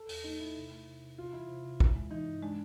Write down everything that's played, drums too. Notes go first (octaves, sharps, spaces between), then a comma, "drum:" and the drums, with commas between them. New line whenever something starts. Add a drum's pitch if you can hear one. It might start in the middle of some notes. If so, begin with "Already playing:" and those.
Already playing: A4
E2, drum: open hi-hat
A3 D#4
A3 E4
C3
A3
C3
C3
C3 F4
E3 E4
C3
C3
E3, drum: kick
G#3
E3 D#4
G2
G#3 D4